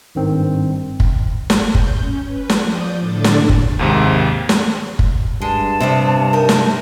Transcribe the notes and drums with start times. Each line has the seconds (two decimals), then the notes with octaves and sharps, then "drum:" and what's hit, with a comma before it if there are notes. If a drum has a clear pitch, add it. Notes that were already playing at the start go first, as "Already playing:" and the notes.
0.15 G#1 G2 D#3 C4
1.00 drum: kick
1.50 drum: snare
1.62 G6
1.75 drum: kick
1.96 C#4
2.26 B4
2.49 drum: snare
2.61 F3 D5 D#6 G6
2.99 A2 D3 D4 A4 D6 A6
3.24 drum: snare
3.49 drum: kick
3.79 D#2 G#2 C3
4.49 drum: snare
4.99 drum: kick
5.42 G2 G#3 A5
5.80 C3 G3 B3 C4
6.33 D#4 A#4
6.49 drum: snare